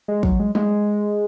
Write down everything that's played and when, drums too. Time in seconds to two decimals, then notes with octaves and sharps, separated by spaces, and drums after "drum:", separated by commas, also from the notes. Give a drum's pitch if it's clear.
0.08 G#3
0.23 F#3, drum: kick
0.39 G#3
0.55 G#3, drum: tom F#3